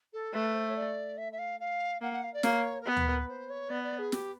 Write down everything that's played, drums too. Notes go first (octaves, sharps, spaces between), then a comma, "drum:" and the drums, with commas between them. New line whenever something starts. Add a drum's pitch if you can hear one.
A4
A3 B4
C5
C#5
D5
E5
E5
F5
F5
A#3 F#5
F#5
F5
D5
A#3 C#5, drum: snare
A#4
B3 B4
drum: tom D2
A#4
B4
C5
C#5
B3 D5
D5
G#4
G4, drum: snare